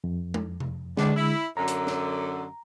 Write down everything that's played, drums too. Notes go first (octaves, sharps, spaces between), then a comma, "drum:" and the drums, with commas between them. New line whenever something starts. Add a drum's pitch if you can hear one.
F2
drum: tom G#3
drum: tom C3
A2 D3 G#3 B3 D4, drum: snare
E4
F#2 D3 A#5
drum: hi-hat
drum: snare